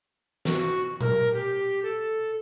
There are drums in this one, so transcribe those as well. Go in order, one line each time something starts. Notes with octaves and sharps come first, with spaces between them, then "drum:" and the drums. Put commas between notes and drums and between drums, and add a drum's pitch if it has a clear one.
F#4, drum: snare
A#4, drum: tom A#2
G4
A4